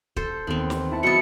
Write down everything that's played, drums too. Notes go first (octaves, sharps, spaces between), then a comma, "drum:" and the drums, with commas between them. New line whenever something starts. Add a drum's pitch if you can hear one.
A4 C5, drum: kick
D#2 B3 C4
drum: snare
E4 A5 C#7
B2 F#3 A5 B5 D#6 C#7